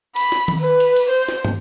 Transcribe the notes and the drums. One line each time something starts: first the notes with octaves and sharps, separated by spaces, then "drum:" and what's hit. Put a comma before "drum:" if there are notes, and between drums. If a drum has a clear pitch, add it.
B5, drum: cymbal
drum: snare
drum: tom D#3
B4
drum: cymbal
drum: cymbal
C5
drum: snare
drum: tom